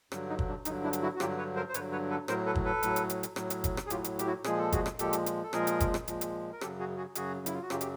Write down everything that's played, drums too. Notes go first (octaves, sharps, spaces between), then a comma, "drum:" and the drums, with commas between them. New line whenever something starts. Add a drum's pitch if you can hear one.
G2 D3 F#3, drum: rim click
D#4
drum: kick
D4
G2 D3 F#3 D#4, drum: hi-hat
D4 E4
drum: hi-hat
E4 F#4
F#4
G2 D3 F#3 F4 G4, drum: rim click
B4 C#5
A#4 C5
C5
G2 D3 F#3 B4 C#5, drum: hi-hat
B4 C#5
A4 B4
A2 F#3 A#4 C5, drum: rim click
A4 B4
drum: kick
A4 B4
A2 F#3, drum: hi-hat
drum: hi-hat
drum: hi-hat
drum: hi-hat
A2 F#3, drum: rim click
drum: hi-hat
drum: kick, hi-hat
drum: rim click
G#4
A2 F#3 F4 G4, drum: hi-hat
drum: hi-hat
G4, drum: hi-hat
E4 F#4
A#2 F3 G#3 G#4, drum: rim click
A4
F#4 G#4, drum: kick, hi-hat
drum: rim click
A#2 F3 G#3 G4 A4, drum: hi-hat
drum: hi-hat
drum: hi-hat
A4
A#2 F3 G#3 G#4 A#4, drum: rim click
drum: hi-hat
drum: kick, hi-hat
drum: rim click
A#2 F3 G#3, drum: hi-hat
drum: hi-hat
A#4
F#2 C#3 F#3 G4 A4, drum: rim click
F#4 G#4
F#4 G#4
F#2 C#3 F#3 F#4 G#4, drum: hi-hat
E4, drum: hi-hat
F4
F#4
F#2 C#3 F#3 F4 G4, drum: rim click
G4, drum: hi-hat